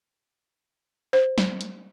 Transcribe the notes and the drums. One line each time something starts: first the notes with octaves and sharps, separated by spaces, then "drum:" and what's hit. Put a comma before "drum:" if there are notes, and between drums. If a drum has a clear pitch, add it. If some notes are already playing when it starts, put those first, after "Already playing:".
C5
drum: snare
drum: hi-hat